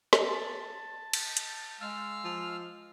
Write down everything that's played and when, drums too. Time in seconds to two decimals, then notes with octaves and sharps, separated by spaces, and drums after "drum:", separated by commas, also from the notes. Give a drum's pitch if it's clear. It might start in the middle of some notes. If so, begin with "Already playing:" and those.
0.13 drum: snare
0.23 A5
1.13 drum: cymbal
1.37 drum: hi-hat
1.81 G#3 F5 E6 F6
2.25 F3